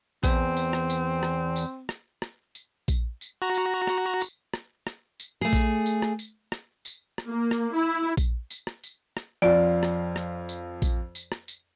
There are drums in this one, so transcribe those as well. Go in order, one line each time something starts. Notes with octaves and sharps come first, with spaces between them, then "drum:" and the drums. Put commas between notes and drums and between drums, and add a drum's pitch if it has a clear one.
E2 C4, drum: kick A#1, tambourine
drum: tambourine
drum: rim click
drum: tambourine
drum: rim click
drum: tambourine
drum: rim click
drum: rim click
drum: tambourine
drum: kick A#1, tambourine
drum: tambourine
F#4 A#5
drum: tambourine
drum: rim click
drum: tambourine
drum: rim click
drum: rim click
drum: tambourine
A3 G#4
drum: kick A#1, tambourine
drum: tambourine
drum: rim click
drum: tambourine
drum: rim click
drum: tambourine
drum: rim click
A#3
drum: rim click
E4
drum: kick A#1, tambourine
drum: tambourine
drum: rim click
drum: tambourine
drum: rim click
F2 F4 D5
drum: rim click
drum: rim click
drum: tambourine
drum: kick A#1, tambourine
drum: tambourine
drum: rim click
drum: tambourine